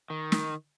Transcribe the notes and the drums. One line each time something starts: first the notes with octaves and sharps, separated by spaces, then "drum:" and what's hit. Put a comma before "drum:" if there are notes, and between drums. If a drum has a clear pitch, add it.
D#3
drum: snare